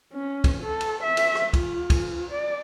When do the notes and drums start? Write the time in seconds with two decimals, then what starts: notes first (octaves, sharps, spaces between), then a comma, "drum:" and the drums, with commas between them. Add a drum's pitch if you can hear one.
0.13 C#4
0.44 drum: kick, cymbal
0.63 A4
0.81 drum: cymbal
1.03 E5
1.17 drum: cymbal
1.35 drum: rim click
1.53 F4, drum: kick, cymbal
1.90 drum: kick, cymbal
2.31 D5